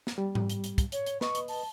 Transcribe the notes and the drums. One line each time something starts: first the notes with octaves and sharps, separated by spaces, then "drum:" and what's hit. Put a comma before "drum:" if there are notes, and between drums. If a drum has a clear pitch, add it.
drum: snare
G3
drum: tom G#2
drum: hi-hat
drum: hi-hat
drum: kick, hi-hat
C#5, drum: hi-hat
drum: hi-hat
B4 D#5 C#6, drum: snare
drum: hi-hat
A5, drum: open hi-hat